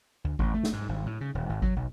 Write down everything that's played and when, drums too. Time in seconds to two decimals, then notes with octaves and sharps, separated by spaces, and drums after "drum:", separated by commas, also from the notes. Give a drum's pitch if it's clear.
0.24 D2
0.39 A1, drum: kick G#1
0.54 A3
0.63 drum: snare
0.73 G#2
0.89 G#1
1.06 A2
1.21 C#3
1.35 D#1
1.49 G#1
1.62 F#3, drum: kick G#1
1.76 B1